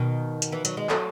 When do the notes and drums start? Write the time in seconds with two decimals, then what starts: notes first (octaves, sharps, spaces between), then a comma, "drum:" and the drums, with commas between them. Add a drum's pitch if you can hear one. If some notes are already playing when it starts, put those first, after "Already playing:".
Already playing: B2 D#3
0.42 drum: hi-hat
0.52 E3
0.65 F#3, drum: hi-hat
0.77 G#3
0.90 F#3 A3, drum: clap